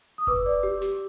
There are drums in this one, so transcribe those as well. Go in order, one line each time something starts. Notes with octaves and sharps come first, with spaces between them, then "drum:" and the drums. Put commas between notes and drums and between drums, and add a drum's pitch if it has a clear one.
D#6
B4 D6 E6, drum: kick F1
D5
G4
G4, drum: snare